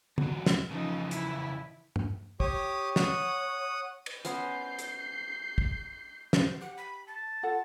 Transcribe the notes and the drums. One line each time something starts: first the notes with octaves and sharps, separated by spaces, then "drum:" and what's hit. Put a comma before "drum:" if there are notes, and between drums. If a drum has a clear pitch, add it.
E2 F#3, drum: tom
drum: snare
C#3 E3 F3 D#4
E4, drum: hi-hat
drum: tom
G4 C#5 D6 D#6, drum: kick
F#5 D#6, drum: snare
drum: cymbal
B3 C#4 C5 G6 C7, drum: hi-hat
drum: hi-hat
drum: kick
F#4 B4 C5, drum: snare
G4 F#5
B5
A5
F4 A4 F#5